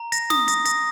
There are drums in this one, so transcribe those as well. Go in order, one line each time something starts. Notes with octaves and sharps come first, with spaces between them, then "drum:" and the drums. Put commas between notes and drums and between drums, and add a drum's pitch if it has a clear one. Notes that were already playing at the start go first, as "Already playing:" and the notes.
Already playing: A#5
A#6, drum: hi-hat
D#6, drum: snare
A#6, drum: hi-hat
A#6, drum: hi-hat